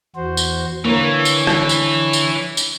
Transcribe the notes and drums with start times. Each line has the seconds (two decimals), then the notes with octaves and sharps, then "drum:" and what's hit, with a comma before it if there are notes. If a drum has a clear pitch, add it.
0.15 E2 F#4 C5
0.37 drum: tambourine
0.85 D3 E3 A#3 A#4 C#5
1.25 drum: tambourine
1.47 drum: rim click
1.69 drum: tambourine
2.13 drum: tambourine
2.57 drum: tambourine